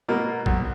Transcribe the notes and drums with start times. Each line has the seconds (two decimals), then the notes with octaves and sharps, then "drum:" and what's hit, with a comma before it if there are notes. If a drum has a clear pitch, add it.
0.09 B2 A#3
0.46 B1, drum: kick